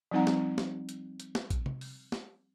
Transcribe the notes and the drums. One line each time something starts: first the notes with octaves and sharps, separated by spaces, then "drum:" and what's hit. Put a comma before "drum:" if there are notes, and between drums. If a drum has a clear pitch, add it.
F3 G3 C4 D#4 F#5 A#5
drum: snare
drum: snare
drum: hi-hat
drum: hi-hat
drum: snare
drum: kick A#1, hi-hat
drum: tom C3
drum: open hi-hat
drum: snare